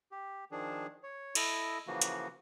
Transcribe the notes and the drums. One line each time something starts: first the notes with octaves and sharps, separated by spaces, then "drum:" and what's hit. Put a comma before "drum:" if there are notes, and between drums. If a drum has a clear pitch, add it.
G4
D#3 F3 D4 G#4
C#5
E4 A4 D#5, drum: cymbal
C#3 E3 F3 A#3 F#4
drum: hi-hat